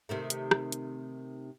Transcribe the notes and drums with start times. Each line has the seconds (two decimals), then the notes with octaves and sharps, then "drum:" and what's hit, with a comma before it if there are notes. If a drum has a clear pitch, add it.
0.09 C3 D#3 A3
0.30 drum: hi-hat
0.51 drum: rim click
0.72 drum: hi-hat